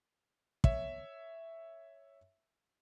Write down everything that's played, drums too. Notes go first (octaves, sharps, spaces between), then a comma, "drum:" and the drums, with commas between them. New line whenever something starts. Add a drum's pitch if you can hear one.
C#5 E5, drum: kick